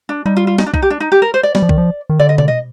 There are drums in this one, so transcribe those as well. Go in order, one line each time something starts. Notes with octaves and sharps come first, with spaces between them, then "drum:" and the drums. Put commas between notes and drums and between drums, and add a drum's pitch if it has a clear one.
D4
G3 D#4
F4
F4
D#4, drum: snare
D4
D#4, drum: kick B1
G4
D4
D#4
G4
A#4
C5
D5
G3 D5, drum: snare
F3
D#3, drum: kick B1
F3
D#3
D3 D5
D#5
D5, drum: tom B2
D#5